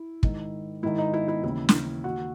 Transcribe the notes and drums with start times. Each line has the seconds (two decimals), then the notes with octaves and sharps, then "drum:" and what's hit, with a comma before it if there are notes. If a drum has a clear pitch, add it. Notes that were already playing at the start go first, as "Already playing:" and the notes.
Already playing: E4
0.23 G#2 D#3, drum: kick
0.83 G#2 D#3 E4
0.98 D#4
1.14 E4
1.28 E4
1.43 D#2 C#3 E3 E4
1.69 drum: snare
2.04 D#2 D#3 F#4